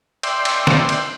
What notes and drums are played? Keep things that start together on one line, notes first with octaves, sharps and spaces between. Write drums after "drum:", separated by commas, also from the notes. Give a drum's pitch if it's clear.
D5 E5 G5 C6, drum: cymbal
drum: cymbal
drum: snare
drum: cymbal